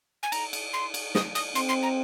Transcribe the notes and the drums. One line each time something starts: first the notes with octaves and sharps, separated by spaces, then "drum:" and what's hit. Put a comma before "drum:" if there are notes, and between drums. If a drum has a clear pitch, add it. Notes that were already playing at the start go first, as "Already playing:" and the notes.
G#5
A#5, drum: cymbal
drum: cymbal
C6
drum: cymbal
D#6, drum: snare
D#6, drum: cymbal
C4 C6, drum: cymbal
C6
A#5